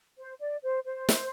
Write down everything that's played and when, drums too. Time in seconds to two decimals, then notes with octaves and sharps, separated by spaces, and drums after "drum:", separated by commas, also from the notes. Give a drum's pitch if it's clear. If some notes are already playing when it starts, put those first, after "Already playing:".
0.18 C5
0.40 D5
0.63 C5
0.86 C5
1.09 drum: snare